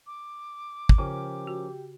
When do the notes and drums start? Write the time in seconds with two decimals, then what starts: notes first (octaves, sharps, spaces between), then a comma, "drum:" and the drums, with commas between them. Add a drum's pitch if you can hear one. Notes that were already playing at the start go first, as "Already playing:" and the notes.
0.07 D6
0.89 drum: kick
0.98 C#3 F3 C#4 G4 A#4
1.47 F#4